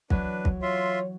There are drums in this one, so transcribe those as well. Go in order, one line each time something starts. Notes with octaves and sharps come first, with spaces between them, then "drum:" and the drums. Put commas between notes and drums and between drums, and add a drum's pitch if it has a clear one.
E3 F#3 D4 B4, drum: kick
drum: kick
F4 C#5 E5 C6